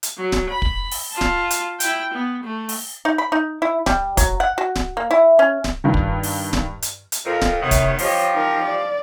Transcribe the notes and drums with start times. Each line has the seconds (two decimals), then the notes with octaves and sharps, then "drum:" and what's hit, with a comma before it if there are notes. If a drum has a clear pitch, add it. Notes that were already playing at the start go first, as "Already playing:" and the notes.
0.03 drum: hi-hat
0.17 F#3
0.32 drum: snare D1
0.49 B5
0.62 drum: kick
0.91 drum: open hi-hat
1.12 F4 A5
1.21 drum: snare D1
1.50 drum: hi-hat
1.80 E4 G5, drum: hi-hat
2.13 B3
2.44 A3
2.69 drum: open hi-hat
3.05 D#4
3.18 B5
3.32 D#4
3.62 E4
3.86 G3, drum: snare D1
4.17 F#3, drum: kick, hi-hat
4.40 F#5
4.58 F#4
4.76 drum: snare D1
4.97 A#3
5.11 E4
5.39 C#4
5.64 drum: snare D1
5.84 G2 D#3
5.94 drum: kick
6.23 drum: open hi-hat
6.53 drum: snare D1
6.82 drum: hi-hat
7.12 drum: hi-hat
7.25 F2 F3 A#4
7.42 drum: snare D1
7.62 C3 D#3 B3 C#5
7.71 drum: kick, hi-hat
7.99 F3 G4 C#5 D#5, drum: open hi-hat
8.35 D#4 A#4
8.64 D5